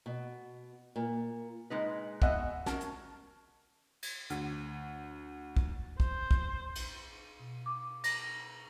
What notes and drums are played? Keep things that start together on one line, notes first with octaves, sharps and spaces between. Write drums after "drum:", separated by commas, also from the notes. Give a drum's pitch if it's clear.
B2
A#2
A#2 G#3 D#4 B4
B3 F#4 D#5 E5 F#5 G#5, drum: kick
C#4 A#4 A5, drum: snare
drum: hi-hat
drum: cymbal
D2, drum: hi-hat
drum: kick
C5, drum: kick
drum: kick
drum: cymbal
B2
D6
A#6, drum: cymbal